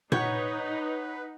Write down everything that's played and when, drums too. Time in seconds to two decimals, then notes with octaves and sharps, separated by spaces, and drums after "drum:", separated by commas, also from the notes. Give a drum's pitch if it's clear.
0.12 D#4 B4 C#5 F#5 G6, drum: tom A#2